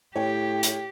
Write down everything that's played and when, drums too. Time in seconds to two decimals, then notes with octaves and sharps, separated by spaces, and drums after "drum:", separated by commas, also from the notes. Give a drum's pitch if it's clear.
0.16 A2 G4 C#5 G5
0.63 drum: hi-hat